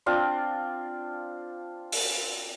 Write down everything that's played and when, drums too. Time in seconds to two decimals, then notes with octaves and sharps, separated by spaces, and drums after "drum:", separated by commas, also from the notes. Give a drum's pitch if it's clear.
0.06 C4 D4 F4 D5
1.92 drum: open hi-hat